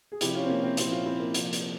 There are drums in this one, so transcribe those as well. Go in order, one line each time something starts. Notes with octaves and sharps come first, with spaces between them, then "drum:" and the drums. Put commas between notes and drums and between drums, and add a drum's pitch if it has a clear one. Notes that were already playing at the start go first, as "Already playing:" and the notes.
G#4
C3 F3 E4 G4, drum: hi-hat
C#4 F4
C4
A#3 C#4
C4 E4
A#2 F3 C4 E4, drum: hi-hat
C#4 F4
C4 E4
A#3
C3 F3, drum: hi-hat
drum: hi-hat